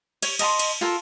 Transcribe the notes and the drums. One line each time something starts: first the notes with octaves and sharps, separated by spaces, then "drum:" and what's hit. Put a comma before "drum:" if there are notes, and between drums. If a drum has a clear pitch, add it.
C#5, drum: cymbal
D#5 A5 A#5 C6, drum: cymbal
drum: cymbal
F4 A4 A#4